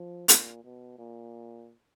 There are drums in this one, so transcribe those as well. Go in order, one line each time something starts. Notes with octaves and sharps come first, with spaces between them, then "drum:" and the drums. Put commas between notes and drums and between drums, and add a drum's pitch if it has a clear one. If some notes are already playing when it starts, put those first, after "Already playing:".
Already playing: F3
A#2, drum: hi-hat
B2
A#2